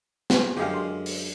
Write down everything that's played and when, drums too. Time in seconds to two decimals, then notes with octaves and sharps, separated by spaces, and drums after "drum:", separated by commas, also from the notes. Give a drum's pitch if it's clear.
0.30 F4 G#4, drum: snare
0.57 F#2 D3 G#3 G4 G#4 F5
0.74 C6
1.06 drum: open hi-hat